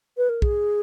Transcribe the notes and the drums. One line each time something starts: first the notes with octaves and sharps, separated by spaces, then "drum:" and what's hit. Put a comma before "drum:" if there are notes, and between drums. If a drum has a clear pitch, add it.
B4
A#4
G#4, drum: kick